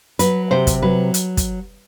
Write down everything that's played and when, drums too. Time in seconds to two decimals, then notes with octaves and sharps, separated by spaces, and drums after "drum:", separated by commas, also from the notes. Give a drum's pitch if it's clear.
0.19 F#3 B4, drum: hi-hat
0.51 C3 C5
0.67 drum: kick, hi-hat
0.82 F#3 B4
1.14 drum: hi-hat
1.37 drum: kick, hi-hat